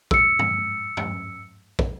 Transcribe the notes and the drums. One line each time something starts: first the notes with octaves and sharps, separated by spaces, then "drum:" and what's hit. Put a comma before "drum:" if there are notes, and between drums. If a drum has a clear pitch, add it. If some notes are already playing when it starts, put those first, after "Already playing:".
E6 C#7, drum: kick
drum: tom G2
drum: tom G2
drum: kick